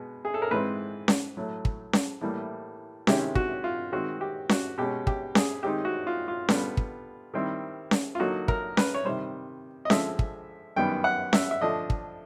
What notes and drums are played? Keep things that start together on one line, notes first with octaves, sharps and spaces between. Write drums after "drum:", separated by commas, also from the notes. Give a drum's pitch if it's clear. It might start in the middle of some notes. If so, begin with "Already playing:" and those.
Already playing: B2 G#3 B3
G#4
A4
A#4
G#2 E3 G#3 C4 B4
drum: snare C#4
A2 F#3 A3
drum: kick
drum: snare C#4
A2 E3 G3 A#3
C3 D#3 G#3 C#4 E4 G4, drum: snare C#4
F#4, drum: kick
F4
D#3 G#3 C4 F#4
G4
F#4, drum: snare C#4
B2 G#3 C#4 G4
G4, drum: kick
G#4, drum: snare C#4
D#3 G#3 C4 D#4 G4
F#4
F4
F4
D3 G3 B3, drum: snare C#4
drum: kick
D#3 G3 C4 E4
drum: snare C#4
F4
D3 F#3 A#3 D#4 F#4
A#4, drum: kick
B4, drum: snare C#4
C#5
C3 D#3 G3 C5
D#5
D3 F3 G#3 C4 E5, drum: snare C#4
drum: kick
F#2 D#3 G3 B3 G5
F#5
E5, drum: snare C#4
E5
D3 F3 A3 D4 D#5
drum: kick